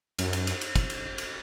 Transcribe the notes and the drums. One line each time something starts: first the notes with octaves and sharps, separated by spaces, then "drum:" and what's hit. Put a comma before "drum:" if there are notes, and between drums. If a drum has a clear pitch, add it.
F#2, drum: cymbal
drum: cymbal
drum: cymbal
drum: cymbal
drum: kick, cymbal
drum: cymbal
drum: cymbal